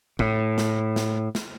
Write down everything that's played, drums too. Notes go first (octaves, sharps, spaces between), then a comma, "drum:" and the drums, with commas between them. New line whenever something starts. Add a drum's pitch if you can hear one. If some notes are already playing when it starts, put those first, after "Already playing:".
A2, drum: kick
drum: snare
drum: snare
drum: snare